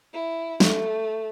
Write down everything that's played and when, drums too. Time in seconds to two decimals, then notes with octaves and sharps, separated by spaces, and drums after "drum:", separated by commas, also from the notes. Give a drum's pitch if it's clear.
0.14 E4
0.60 A3, drum: snare